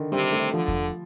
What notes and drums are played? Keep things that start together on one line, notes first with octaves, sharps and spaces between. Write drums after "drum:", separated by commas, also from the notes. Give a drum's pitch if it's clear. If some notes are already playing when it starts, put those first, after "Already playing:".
Already playing: D3 D#3
C3 G3
A3
D3 F3
drum: kick E2